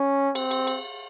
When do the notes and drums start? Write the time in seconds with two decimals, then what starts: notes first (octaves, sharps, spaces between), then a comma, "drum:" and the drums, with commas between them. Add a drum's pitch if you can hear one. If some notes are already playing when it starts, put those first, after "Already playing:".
Already playing: C#4
0.35 C4, drum: cymbal
0.51 drum: cymbal
0.67 drum: cymbal